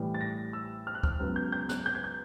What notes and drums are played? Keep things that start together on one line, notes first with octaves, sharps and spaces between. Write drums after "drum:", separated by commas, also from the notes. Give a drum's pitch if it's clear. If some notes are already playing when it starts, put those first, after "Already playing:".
Already playing: A1 A2 E3 G3
A6
A#6
E6
F6
F#6
F6, drum: kick
C#2 C#3 F#3 B3
G6
G6
F#6, drum: snare
G6
G#6
G6